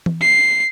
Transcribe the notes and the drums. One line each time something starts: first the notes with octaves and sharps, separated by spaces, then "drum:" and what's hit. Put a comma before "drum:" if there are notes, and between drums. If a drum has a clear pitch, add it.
drum: tom E3
C7